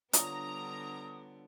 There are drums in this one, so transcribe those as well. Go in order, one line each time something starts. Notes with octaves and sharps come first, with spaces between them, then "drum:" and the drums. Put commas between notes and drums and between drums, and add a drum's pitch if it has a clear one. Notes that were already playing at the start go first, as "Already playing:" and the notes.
D3 G3 B3 D4 F4 C#5 A#5 D#6, drum: hi-hat